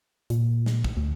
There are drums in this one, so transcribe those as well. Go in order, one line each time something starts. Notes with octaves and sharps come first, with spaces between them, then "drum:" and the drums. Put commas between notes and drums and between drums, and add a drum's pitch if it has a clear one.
A#2, drum: hi-hat
drum: snare
drum: kick
D2